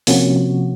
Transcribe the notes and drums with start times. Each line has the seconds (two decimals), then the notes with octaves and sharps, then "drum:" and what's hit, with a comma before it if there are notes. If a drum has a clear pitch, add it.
0.07 C3 F3 A#3 C#4 F#4, drum: open hi-hat